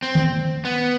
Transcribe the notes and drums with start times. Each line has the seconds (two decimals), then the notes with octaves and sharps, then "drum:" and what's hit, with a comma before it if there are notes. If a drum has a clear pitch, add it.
0.02 C4
0.15 drum: tom D#3
0.65 B3